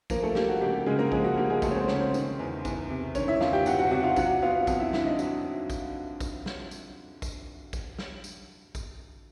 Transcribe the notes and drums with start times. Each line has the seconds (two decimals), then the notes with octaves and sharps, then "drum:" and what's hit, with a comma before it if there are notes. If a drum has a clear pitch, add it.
0.10 F3 A#3 A#4, drum: kick, tambourine
0.23 A3 A4
0.35 A#3 G4, drum: snare
0.49 F#4
0.61 C#2 G4
0.73 G4
0.86 C#3 G#3 G#4
0.99 A#3 A#4
1.12 F3 G#3 G#4, drum: kick
1.24 F#4
1.37 A#3 G4
1.50 G#3 G#4
1.62 C#2 A3 A4, drum: kick, tambourine
1.71 C#5
1.75 C4 C5
1.88 C#3 C#4 C#5, drum: snare
2.00 C4 C5
2.14 D#3, drum: tambourine
2.39 E2
2.65 E2, drum: kick, tambourine
2.90 C3
3.15 D#3 C#4 C#5, drum: kick, tambourine
3.28 E4 E5
3.41 E2 F4 F5, drum: snare
3.53 G4 G5
3.66 E2 F#4 F#5, drum: tambourine
3.79 F#4 F#5
3.91 C3 F#4 F#5
4.04 F4 F5
4.16 F#3 F#4 F#5, drum: kick, tambourine
4.42 B3 F4 F5
4.67 F2, drum: kick, tambourine
4.80 E4 E5
4.93 D3 E4 E5, drum: snare
5.06 D#4 D#5
5.19 F#3, drum: tambourine
5.70 drum: kick, tambourine
6.20 drum: kick, tambourine
6.46 drum: snare
6.71 drum: tambourine
7.22 drum: kick, tambourine
7.73 drum: kick, tambourine
7.98 drum: snare
8.24 drum: tambourine
8.75 drum: kick, tambourine